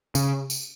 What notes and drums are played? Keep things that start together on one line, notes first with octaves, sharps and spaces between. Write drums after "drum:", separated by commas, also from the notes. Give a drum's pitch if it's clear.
C#3, drum: tambourine
drum: tambourine